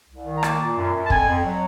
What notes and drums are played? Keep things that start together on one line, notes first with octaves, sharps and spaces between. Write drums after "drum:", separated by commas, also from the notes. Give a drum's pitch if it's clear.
C2
D#3
A#5
A#3 A5, drum: rim click
A#2
F#2
F#2
A5
F2 G#5, drum: kick
F2
F#3